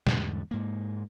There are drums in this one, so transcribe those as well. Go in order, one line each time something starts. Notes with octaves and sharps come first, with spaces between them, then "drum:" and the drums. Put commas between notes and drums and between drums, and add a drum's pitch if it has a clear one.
E2 G#2 D3 G3, drum: snare
G#2 A#3